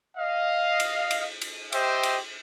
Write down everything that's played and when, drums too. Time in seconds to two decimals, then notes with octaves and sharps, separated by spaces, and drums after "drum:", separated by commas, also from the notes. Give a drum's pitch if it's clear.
0.17 D#5 F5
0.80 drum: cymbal
1.11 drum: cymbal
1.41 drum: cymbal
1.72 G4 C5 D#5 E5 G5, drum: cymbal
2.03 drum: cymbal